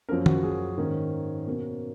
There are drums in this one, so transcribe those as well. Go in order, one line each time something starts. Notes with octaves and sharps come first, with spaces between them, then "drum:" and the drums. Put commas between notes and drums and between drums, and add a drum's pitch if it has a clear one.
F#2 F3 A#3 C#4 A#4
F#4, drum: tom
G#4
G#2 D#3 A#3 C#4
B2 A#3 C#4